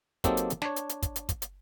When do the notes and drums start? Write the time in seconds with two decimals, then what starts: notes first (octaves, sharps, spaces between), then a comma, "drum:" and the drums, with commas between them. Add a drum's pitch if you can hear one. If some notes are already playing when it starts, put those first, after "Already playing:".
0.24 F#3 A#3 C4 D#4 G4 A4, drum: kick, hi-hat
0.37 drum: hi-hat
0.50 drum: hi-hat
0.62 D4 C#5, drum: snare
0.76 drum: hi-hat
0.89 drum: hi-hat
1.02 drum: kick, hi-hat
1.16 drum: hi-hat
1.29 drum: kick, hi-hat
1.42 drum: hi-hat